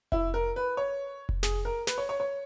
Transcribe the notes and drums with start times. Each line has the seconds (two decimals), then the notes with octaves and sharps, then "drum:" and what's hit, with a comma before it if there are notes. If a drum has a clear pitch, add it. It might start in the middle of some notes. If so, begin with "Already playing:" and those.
0.12 E4, drum: kick F1
0.34 A#4
0.56 B4
0.77 C#5
1.29 drum: kick F1
1.43 G#4, drum: snare
1.65 A#4
1.87 B4, drum: snare
1.98 C#5
2.09 C#5
2.20 C#5